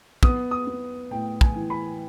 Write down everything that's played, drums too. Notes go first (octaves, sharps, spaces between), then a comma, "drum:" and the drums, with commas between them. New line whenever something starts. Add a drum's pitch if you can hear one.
B3 D#6, drum: kick
D#6
B3
A2 G5
G#5, drum: kick
E3
B5